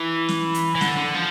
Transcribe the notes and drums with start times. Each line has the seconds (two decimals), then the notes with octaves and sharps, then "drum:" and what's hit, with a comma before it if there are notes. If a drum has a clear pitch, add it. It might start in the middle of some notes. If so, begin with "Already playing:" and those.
Already playing: E3
0.29 drum: snare
0.54 drum: hi-hat
0.75 E3
0.81 D3, drum: snare
0.97 D3
1.15 F3